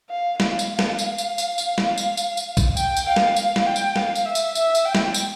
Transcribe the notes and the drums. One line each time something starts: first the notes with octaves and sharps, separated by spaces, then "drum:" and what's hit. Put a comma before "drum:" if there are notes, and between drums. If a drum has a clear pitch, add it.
F5
F5, drum: snare
drum: tambourine
drum: snare
drum: tambourine
drum: tambourine
drum: tambourine
drum: tambourine
drum: snare
drum: tambourine
drum: tambourine
drum: tambourine
drum: kick, tambourine
G5, drum: tambourine
drum: tambourine
F5
drum: snare
F5, drum: tambourine
drum: snare
G5
drum: tambourine
F5, drum: snare
drum: tambourine
E5
drum: tambourine
E5, drum: tambourine
drum: tambourine
G5
drum: snare
drum: tambourine